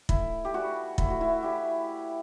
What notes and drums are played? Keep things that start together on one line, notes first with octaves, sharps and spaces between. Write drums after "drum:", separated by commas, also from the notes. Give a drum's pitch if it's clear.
A2 E4, drum: kick
G4
E3 G3 F#4
A2 E4, drum: kick
F#4
E4
E3 G3 G4